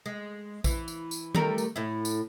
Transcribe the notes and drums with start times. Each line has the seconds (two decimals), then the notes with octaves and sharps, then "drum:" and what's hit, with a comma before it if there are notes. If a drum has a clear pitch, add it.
0.06 G#3
0.64 E3, drum: kick A#1, tambourine
0.88 drum: tambourine
1.11 drum: tambourine
1.35 G3 A3 A#4, drum: tom D#3
1.58 drum: tambourine
1.76 A2 E4
2.05 drum: tambourine